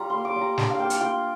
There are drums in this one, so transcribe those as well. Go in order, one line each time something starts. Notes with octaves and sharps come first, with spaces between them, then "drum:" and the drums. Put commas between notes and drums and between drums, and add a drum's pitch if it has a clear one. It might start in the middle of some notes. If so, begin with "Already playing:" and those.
Already playing: G3 F4 A#5
A#3 C6
D6
G3
A#5
D4 A5, drum: snare
F5
A#3 G5
drum: hi-hat
F4 G5